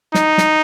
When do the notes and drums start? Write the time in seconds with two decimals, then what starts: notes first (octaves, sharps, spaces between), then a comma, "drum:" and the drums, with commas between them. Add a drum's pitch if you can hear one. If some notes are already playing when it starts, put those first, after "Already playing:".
0.14 D#4, drum: snare
0.38 drum: snare